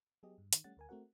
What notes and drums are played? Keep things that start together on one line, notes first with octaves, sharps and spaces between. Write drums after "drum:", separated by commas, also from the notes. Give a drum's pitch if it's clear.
F#3 B3 G4 G#4 D#5
G2
D#3, drum: hi-hat
G3 A3 C#4 F#5 A6
D2 A#4 G#5
A3 C4 F#4 A#4 F#5